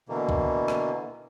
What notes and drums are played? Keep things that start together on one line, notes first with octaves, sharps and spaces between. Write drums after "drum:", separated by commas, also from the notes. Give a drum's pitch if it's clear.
B2 D3 E3 A#3
drum: kick
drum: rim click